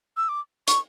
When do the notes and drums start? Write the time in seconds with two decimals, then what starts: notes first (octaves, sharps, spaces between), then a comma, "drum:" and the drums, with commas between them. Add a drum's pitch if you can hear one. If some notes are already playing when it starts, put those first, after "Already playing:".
0.17 E6
0.29 D6
0.68 C#6, drum: hi-hat